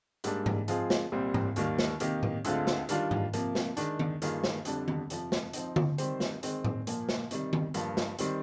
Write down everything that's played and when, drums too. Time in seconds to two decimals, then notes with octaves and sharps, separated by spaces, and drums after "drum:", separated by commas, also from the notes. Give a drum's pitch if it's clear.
0.24 G#2 G3 A#3 D4, drum: hi-hat
0.46 drum: tom G#2
0.68 F3 G#3 C4 F4 G#4, drum: hi-hat
0.90 drum: snare
1.12 C2 A#2 G3 C4
1.34 drum: tom G#2
1.56 D#2 D#3 G3 A#3, drum: hi-hat
1.79 drum: snare
2.00 C3 D#3 A#3 D#4 G4, drum: hi-hat
2.23 drum: tom A2
2.45 D2 D3 G#3 C4 F4, drum: hi-hat
2.67 drum: snare
2.89 D#3 G3 D4 F4, drum: hi-hat
3.11 drum: tom G#2
3.33 C3 F3 A#3, drum: hi-hat
3.55 drum: snare
3.77 D#3 G#3 D4, drum: hi-hat
3.99 drum: tom D#3
4.22 G2 D#3 A#3 F4 G#4, drum: hi-hat
4.44 drum: snare
4.65 F2 D3 G3 D4, drum: hi-hat
4.88 drum: tom D#3
5.10 F2 C3 F3, drum: hi-hat
5.32 drum: snare
5.53 F3 C4 D#4, drum: hi-hat
5.76 drum: tom D3
5.98 D#3 G3 C4 G4 C5, drum: hi-hat
6.20 drum: snare
6.43 D#3 G#3 C4, drum: hi-hat
6.64 drum: tom A2
6.87 A#2 F3 A#3, drum: hi-hat
7.09 drum: snare
7.31 C3 D#3 G3, drum: hi-hat
7.53 drum: tom D#3
7.74 G2 F3 A#3 F4, drum: hi-hat
7.97 drum: snare
8.19 D#3 G3 C4, drum: hi-hat